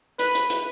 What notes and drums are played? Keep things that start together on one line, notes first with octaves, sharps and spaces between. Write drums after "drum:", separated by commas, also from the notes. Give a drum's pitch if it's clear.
B4, drum: hi-hat
drum: hi-hat
drum: hi-hat